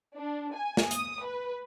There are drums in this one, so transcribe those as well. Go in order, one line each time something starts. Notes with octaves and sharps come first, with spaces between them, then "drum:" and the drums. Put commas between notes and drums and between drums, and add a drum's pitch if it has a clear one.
D4
G#5
drum: snare
D#6, drum: hi-hat
B4